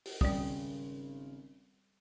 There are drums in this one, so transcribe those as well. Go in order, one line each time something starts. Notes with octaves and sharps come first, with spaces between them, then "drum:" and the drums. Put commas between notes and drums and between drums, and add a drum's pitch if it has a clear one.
drum: open hi-hat
G#1 C#3 G3 D5 D#6, drum: kick